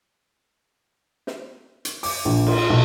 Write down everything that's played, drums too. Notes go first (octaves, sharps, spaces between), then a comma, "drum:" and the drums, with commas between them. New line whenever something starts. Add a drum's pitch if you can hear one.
drum: snare
drum: hi-hat
D6, drum: open hi-hat
A#1
F4, drum: cymbal
B1